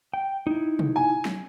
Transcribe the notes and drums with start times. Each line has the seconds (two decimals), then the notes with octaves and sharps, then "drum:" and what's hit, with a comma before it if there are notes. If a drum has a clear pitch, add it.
0.14 G5
0.47 D#4 E4
0.79 drum: tom
0.96 G#5
1.25 drum: snare